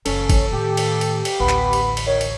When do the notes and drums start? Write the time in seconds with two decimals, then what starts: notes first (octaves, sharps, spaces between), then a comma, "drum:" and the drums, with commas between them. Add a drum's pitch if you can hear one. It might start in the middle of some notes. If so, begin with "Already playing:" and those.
0.06 F#1 E3 C#4 A4, drum: cymbal
0.30 drum: kick G#1, cymbal
0.52 A2 D#3 G4
0.77 drum: cymbal
1.01 drum: cymbal
1.25 drum: cymbal
1.40 A1 D2 B3 B5
1.49 drum: clap
1.73 drum: cymbal
1.97 drum: cymbal
2.07 D#3 C#5
2.21 drum: cymbal